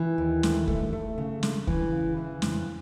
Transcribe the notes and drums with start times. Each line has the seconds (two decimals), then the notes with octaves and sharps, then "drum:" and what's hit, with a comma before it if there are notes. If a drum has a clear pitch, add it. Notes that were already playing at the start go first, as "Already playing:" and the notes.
Already playing: E3
0.18 D#2
0.43 A3, drum: snare
0.68 A3, drum: kick
0.93 A3
1.18 C#3
1.43 C#3, drum: snare
1.67 E3, drum: kick
1.92 C#3
2.17 E3
2.42 F2, drum: snare